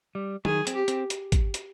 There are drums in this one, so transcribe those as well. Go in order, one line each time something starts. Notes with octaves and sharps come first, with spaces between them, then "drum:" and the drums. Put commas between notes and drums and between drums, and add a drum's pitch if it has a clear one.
G3
D#3 G#4, drum: tom F#3
C4, drum: hi-hat
G4
C4, drum: hi-hat
drum: hi-hat
drum: kick, hi-hat
drum: hi-hat